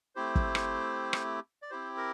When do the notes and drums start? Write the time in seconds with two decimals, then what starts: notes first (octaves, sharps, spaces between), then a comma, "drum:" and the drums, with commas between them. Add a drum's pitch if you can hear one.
0.16 A3 C4 E4 G4 C5
0.35 drum: kick
0.55 drum: rim click
1.13 drum: rim click
1.62 D5
1.70 C4 E4 G4 C5
1.97 A#4